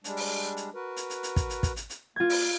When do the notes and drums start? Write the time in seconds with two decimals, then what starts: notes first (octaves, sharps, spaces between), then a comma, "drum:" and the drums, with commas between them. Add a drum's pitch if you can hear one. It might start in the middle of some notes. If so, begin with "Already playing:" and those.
0.04 G3 G#3 D4, drum: hi-hat
0.17 drum: open hi-hat
0.57 drum: hi-hat
0.75 F#4 A#4 B4
0.97 drum: hi-hat
1.10 drum: hi-hat
1.23 drum: hi-hat
1.36 drum: kick, hi-hat
1.50 drum: hi-hat
1.63 drum: kick, hi-hat
1.76 drum: hi-hat
1.90 drum: hi-hat
2.16 A#3 F4 G#6
2.30 drum: open hi-hat